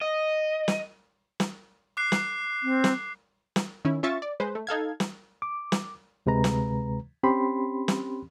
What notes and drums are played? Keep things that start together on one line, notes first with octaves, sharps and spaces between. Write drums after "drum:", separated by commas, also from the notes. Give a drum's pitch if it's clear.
D#5
drum: snare
drum: snare
D6 F#6 C7
drum: snare
C4
drum: snare
drum: snare
D#3 C#4 E4
C#4 F4 E5 C#6 A6
D5
G#3 B4 C5
A3
D#4 A4 F5 G#6
drum: snare
D6
drum: snare
D2 C3 G#3 B4 A#5
drum: snare
C4 C#4 G4 B5 C6
drum: snare